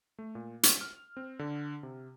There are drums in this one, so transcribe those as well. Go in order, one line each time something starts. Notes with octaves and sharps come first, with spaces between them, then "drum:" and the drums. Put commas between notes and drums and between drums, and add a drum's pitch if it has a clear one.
A3
A#2
E6, drum: hi-hat
F6
C4
D3
C3